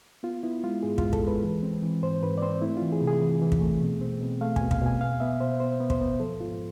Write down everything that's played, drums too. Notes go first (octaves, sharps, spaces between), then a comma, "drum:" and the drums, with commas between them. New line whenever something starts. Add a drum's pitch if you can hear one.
B3 F4
B3 E4
G#3 F4
G#2 G#4
F4, drum: kick
G#2
A4, drum: kick
G#3 B4
E3
C4
E3
G#2 C5
G#2 B4
D5
C4 C5
A3 E4
F4
E3
G#4
C3
G#4
E3
E3
drum: kick
A3
B2
C4
B2
A3 F5
B2 G#5, drum: kick
F5, drum: kick
B2 G#5
B3 F5
B3 E5
B2 C5
B3 C5
B3
C5, drum: kick
B3
F3 A4
G#2 F4